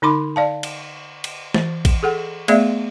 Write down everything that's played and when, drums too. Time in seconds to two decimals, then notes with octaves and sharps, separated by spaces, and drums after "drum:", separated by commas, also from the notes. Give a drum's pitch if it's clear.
0.02 D3 D#4 B5 C6 D6
0.36 D5 F5 A5
0.63 drum: cymbal
1.24 drum: cymbal
1.54 E3, drum: snare
1.85 drum: kick A1, cymbal
2.03 G#4 A4 F#5
2.48 A3 B3 G#4 D5 E5 F5, drum: cymbal